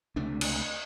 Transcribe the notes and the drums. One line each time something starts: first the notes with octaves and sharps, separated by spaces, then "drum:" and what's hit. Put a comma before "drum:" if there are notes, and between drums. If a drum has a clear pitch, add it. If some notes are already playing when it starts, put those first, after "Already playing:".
C#2 C3 A3 D4
drum: cymbal